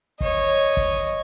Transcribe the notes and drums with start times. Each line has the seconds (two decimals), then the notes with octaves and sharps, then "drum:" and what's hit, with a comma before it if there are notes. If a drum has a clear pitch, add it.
0.21 C#5 D#5, drum: kick
0.77 drum: kick